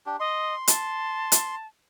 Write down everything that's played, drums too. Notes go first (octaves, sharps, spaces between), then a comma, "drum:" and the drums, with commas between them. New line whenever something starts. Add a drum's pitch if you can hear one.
D4 G4
D#5 C6
A5, drum: hi-hat
drum: hi-hat